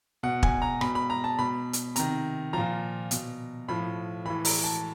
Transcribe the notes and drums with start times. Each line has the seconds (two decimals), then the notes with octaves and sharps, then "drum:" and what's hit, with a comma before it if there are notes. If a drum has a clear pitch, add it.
0.23 B2 F#5
0.43 G#5, drum: kick
0.62 A#5
0.81 B2 B5, drum: rim click
0.95 B5
1.10 A#5
1.24 A5
1.39 B2 B5
1.73 drum: hi-hat
1.96 C3 D#3 A#5, drum: hi-hat
2.53 A#2 F3 A#5
3.11 B2, drum: hi-hat
3.68 A2 F3 B5
4.25 A2 E3 B5
4.45 A#5, drum: open hi-hat
4.64 A5